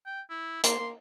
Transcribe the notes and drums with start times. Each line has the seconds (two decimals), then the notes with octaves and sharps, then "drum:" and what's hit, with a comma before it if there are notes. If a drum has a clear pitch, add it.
0.06 G5
0.30 E4
0.64 A#3 C6, drum: hi-hat
0.80 A#3